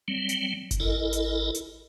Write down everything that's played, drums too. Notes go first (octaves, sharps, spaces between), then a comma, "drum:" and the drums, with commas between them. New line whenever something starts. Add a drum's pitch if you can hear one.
F#3 G3 C4
drum: hi-hat
drum: kick F#1, hi-hat
G#1 E4 A4 A#4 D#5
drum: hi-hat
drum: hi-hat